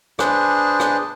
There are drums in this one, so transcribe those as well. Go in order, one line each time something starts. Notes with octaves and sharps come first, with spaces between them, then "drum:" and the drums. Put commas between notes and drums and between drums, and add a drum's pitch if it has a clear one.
D4 G#4 B4 C5, drum: rim click
drum: rim click